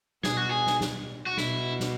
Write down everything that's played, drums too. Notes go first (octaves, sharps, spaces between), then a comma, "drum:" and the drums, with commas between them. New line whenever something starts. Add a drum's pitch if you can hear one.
B2 G#4, drum: snare
F#4
G#4
drum: snare
drum: snare
F#4
B2 E4, drum: snare
drum: snare